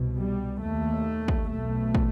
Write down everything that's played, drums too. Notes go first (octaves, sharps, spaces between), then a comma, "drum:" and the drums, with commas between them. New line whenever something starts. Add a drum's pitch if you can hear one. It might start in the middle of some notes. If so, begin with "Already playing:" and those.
Already playing: C2 B2
G3
D#2 A3
drum: kick
B1 B2 A3
drum: kick